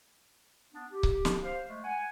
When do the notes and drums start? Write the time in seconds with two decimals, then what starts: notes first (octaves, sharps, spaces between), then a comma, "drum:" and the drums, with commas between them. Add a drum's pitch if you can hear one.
0.73 B3 D4
0.92 G4
1.03 drum: kick C#1
1.25 drum: snare
1.42 G4 C5 F5
1.68 G#3 A3
1.83 F#5 G#5